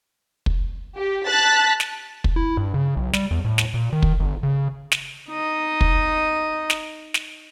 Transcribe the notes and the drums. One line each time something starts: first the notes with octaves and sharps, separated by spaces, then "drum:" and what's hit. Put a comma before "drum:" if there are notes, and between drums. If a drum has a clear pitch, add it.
drum: kick
G4
A5 F#6 A6 B6
drum: snare
drum: kick
E4
G2
C#3
B1
G3, drum: snare
E2
A2
drum: snare
A#2
D#3
drum: kick
G1
C#3
drum: snare
D#4 D#5
drum: kick
drum: snare
drum: snare